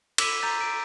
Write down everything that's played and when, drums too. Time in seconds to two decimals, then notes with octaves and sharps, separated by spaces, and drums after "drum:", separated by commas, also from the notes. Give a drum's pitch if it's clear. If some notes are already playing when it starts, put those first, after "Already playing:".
0.18 D6 E6 B6 D#7, drum: cymbal
0.42 A#5 G6 A6
0.61 D7